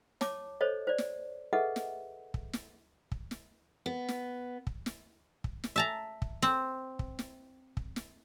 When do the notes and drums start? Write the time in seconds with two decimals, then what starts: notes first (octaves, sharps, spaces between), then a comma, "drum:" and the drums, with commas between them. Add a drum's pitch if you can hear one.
0.21 C#5 A5 D6, drum: snare
0.61 A4 C5 C#5 D#5
0.87 C5 D5
0.98 drum: snare
1.53 G#4 A4 B4 D#5 E5 F#5
1.76 drum: snare
2.34 drum: kick
2.53 drum: snare
3.12 drum: kick
3.31 drum: snare
3.86 B3
4.08 drum: snare
4.67 drum: kick
4.86 drum: snare
5.44 drum: kick
5.64 drum: snare
5.76 E5 A5 A#5
6.22 drum: kick
6.42 C4, drum: snare
6.99 drum: kick
7.19 drum: snare
7.77 drum: kick
7.96 drum: snare